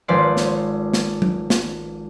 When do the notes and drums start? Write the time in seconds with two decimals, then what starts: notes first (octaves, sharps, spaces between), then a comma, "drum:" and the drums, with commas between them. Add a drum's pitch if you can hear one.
0.08 G#1 F3 C#4 B4 C5 D5
0.37 drum: snare
0.94 drum: snare
1.22 drum: tom F#3
1.50 drum: snare